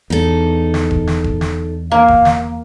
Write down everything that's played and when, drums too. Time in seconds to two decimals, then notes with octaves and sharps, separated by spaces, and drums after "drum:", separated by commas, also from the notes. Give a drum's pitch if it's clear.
0.10 E2 D#4 A4
0.74 drum: snare
0.91 drum: kick E1
1.07 drum: snare
1.24 drum: kick E1
1.41 drum: snare
1.91 A#3 F5
2.08 drum: kick E1
2.25 drum: snare